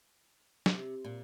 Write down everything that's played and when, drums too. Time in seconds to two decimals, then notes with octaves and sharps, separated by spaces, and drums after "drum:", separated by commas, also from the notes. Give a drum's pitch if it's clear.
0.66 C3, drum: snare
1.05 A#2